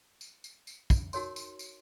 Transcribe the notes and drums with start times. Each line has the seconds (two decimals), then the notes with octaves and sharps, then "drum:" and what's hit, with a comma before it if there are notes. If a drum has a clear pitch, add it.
0.21 drum: tambourine
0.44 drum: tambourine
0.67 drum: tambourine
0.90 drum: kick, tambourine
1.13 D#4 F#4 A#4 C#5 C6, drum: tambourine
1.36 drum: tambourine
1.59 drum: tambourine